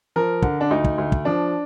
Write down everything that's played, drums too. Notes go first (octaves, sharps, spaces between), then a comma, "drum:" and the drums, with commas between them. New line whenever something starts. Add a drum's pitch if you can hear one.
F3 A#4
D3, drum: kick
D4
D2 D#4
drum: kick
D2
drum: kick
F3 D4